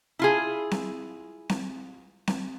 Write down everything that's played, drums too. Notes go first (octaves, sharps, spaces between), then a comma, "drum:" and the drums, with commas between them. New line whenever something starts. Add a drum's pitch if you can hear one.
E4 F4 G#4
drum: snare C4
drum: snare C4
drum: snare C4